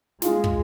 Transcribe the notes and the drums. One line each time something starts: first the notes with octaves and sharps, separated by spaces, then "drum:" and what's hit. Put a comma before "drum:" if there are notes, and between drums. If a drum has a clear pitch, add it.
G#3 F4, drum: snare
drum: kick